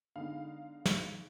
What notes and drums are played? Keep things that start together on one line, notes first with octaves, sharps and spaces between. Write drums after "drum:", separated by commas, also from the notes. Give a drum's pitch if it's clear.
D3 G#3 B3 D#4 F5
drum: snare